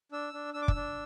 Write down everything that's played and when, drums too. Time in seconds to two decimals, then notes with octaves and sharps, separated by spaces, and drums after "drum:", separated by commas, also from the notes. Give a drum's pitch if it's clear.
0.12 D4 E6
0.33 D4
0.54 D4 E6
0.62 D6
0.68 E6, drum: kick
0.75 D4